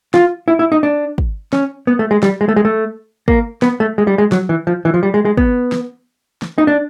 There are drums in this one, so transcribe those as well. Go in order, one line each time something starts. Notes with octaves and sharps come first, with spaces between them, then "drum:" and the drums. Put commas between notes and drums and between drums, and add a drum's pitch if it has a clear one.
F4, drum: snare
E4
E4
D#4
D4
drum: kick
C#4, drum: snare
B3
A3
G#3
G3, drum: snare
G#3
A3
G#3
A3
A#3, drum: kick
B3, drum: snare
A3
G#3
G3
G#3
F#3, drum: snare
E3
F3
E3
F3
G3
G#3
G#3
B3, drum: kick
drum: snare
drum: snare
D#4
D4